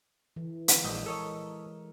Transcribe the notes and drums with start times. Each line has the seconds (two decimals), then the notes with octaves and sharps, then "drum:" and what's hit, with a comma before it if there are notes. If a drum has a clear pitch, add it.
0.36 E3
0.68 drum: hi-hat
0.84 A#1 G#3 D#5
1.06 A4 A#4 C#5 D#5